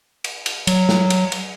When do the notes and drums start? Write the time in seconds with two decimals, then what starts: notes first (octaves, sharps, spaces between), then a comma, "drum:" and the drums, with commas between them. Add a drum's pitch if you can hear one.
0.24 drum: cymbal
0.46 drum: cymbal
0.67 F#3, drum: cymbal
0.89 drum: snare
1.10 drum: cymbal
1.32 drum: cymbal